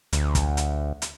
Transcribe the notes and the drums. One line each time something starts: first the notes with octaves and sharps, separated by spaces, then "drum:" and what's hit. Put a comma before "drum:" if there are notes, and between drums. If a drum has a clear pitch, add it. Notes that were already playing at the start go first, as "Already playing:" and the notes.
D2, drum: hi-hat
drum: kick, hi-hat
drum: hi-hat
drum: hi-hat